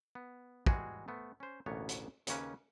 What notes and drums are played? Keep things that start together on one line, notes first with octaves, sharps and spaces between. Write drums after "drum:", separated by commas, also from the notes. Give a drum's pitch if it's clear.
B3
E3 G3 G#3 F#4 G#4, drum: kick
A3 B3 C5
C#4 C5
A1 D2 B2 A#3 B3 C#5
drum: hi-hat
D#2 C#3 A#3 C#4 B4, drum: hi-hat